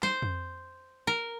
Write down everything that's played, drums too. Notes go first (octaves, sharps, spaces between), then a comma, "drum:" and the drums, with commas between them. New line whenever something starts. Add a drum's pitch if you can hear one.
C5, drum: snare
drum: tom F2
A#4